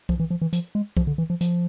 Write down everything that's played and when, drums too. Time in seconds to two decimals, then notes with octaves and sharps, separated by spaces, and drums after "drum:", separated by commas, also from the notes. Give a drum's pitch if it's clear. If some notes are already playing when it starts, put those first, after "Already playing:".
0.09 F3, drum: kick B1
0.20 E3
0.30 F3
0.42 E3
0.53 F3, drum: hi-hat
0.75 G#3
0.97 F3, drum: kick B1
1.07 D3
1.18 E3
1.30 F3
1.41 F3, drum: hi-hat